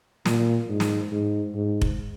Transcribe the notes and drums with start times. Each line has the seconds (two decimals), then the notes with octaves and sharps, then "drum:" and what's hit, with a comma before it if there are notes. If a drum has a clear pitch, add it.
0.26 A#2, drum: snare
0.69 G#2
0.80 drum: snare
1.11 G#2
1.55 G#2
1.82 drum: kick F1